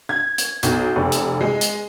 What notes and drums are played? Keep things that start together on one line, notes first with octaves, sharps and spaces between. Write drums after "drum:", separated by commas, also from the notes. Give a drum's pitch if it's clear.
G#6
drum: hi-hat
B1, drum: hi-hat
F1
drum: hi-hat
G#3
drum: hi-hat